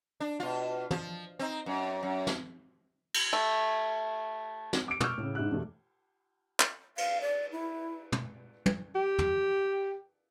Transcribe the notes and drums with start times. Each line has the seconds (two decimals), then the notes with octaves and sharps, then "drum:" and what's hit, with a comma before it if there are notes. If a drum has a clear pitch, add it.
0.20 D4
0.40 B2 F4
0.91 F3, drum: tom
1.39 C4 D#4
1.66 F#2
2.03 F#2
2.27 drum: snare
3.14 drum: cymbal
3.33 A3
4.73 drum: snare
4.88 D6 D7
5.00 C#6 D6 E6 F6 G6, drum: tom
5.17 A2 C#3
5.35 G#2 E4 F#6
5.50 E2 G2 B2 A3
6.60 drum: clap
6.98 F5, drum: cymbal
7.21 D5
7.52 E4
8.12 drum: tom
8.66 drum: tom
8.95 G4
9.19 drum: tom